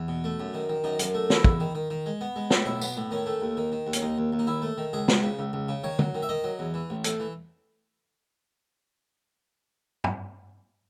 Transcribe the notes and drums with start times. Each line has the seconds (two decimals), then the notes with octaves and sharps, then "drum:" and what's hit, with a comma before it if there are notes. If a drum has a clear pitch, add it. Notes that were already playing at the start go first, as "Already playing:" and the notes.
Already playing: E2
0.08 B2
0.24 A3
0.40 F#2
0.54 D#3
0.69 D#3
0.84 F#2 D#4
0.99 F#2, drum: hi-hat
1.14 A3
1.30 D#3 E4, drum: snare
1.44 E2, drum: kick
1.60 D#3
1.75 D#3
1.90 D#3
2.06 G#3
2.21 B3
2.36 G#3
2.50 A2, drum: snare
2.66 B1 E4
2.81 B3, drum: tambourine
2.97 A2
3.11 D#3 C#4
3.26 A3
3.41 D#2
3.57 D#3
3.72 D#3
3.87 D#2
3.93 C#4, drum: hi-hat
4.02 D#2 D#4
4.18 D#2
4.33 D#2
4.39 D#4
4.47 D#2 E4
4.62 A3
4.78 D#3
4.93 C#2 G#4
5.08 C#2, drum: snare
5.23 C#3
5.39 C#2
5.53 C#2
5.68 C#3
5.83 D#3 C#5
5.99 F#3, drum: tom
6.15 D#3
6.22 E5
6.29 D#3 D#5
6.44 F#3
6.59 E2
6.74 E3
6.90 A1
7.04 A3, drum: hi-hat
7.20 E3
10.04 drum: tom